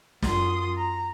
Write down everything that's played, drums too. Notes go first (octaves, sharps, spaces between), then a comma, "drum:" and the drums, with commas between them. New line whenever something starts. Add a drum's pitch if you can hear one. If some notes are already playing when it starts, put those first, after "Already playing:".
F#2 F4 C6 D#6, drum: snare
A#5